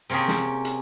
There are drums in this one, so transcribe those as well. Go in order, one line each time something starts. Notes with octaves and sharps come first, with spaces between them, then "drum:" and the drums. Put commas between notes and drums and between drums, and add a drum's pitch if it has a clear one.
C3 A#3 C#4 G4 G#4
drum: snare
drum: hi-hat